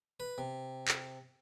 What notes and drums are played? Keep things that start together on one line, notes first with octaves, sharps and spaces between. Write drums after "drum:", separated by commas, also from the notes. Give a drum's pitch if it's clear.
B4
C3
drum: clap